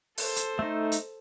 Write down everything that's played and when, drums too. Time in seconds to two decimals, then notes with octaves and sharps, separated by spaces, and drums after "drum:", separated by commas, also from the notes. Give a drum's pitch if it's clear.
0.18 A4 C5, drum: open hi-hat
0.36 drum: hi-hat
0.59 A3 D#4
0.92 drum: hi-hat